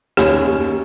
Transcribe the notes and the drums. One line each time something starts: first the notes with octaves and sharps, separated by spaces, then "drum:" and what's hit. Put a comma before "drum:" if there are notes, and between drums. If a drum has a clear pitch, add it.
D#2 C#4, drum: rim click
D#2
D#2